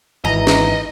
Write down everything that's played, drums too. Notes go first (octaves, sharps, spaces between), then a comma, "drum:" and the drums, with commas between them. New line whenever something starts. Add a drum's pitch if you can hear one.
G#1 G#2 E3 D#5 A#5
drum: snare